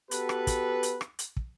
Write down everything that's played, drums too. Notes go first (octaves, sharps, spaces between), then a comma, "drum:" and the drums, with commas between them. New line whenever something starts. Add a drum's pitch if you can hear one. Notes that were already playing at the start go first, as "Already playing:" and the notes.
B3 F#4 G4 A4 B4, drum: hi-hat
drum: rim click
drum: kick, hi-hat
drum: hi-hat
drum: rim click
drum: hi-hat
drum: kick